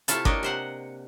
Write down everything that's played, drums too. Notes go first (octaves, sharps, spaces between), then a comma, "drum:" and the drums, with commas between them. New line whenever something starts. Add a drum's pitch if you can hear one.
C3 A3 E4 F4 A4, drum: hi-hat
A#3 D4 G4 C#5 D#5, drum: kick G1
C3 C5 F#5